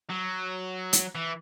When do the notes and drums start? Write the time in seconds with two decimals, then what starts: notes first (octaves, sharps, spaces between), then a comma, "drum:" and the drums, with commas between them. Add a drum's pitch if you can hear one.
0.10 F#3
0.93 drum: hi-hat
1.15 E3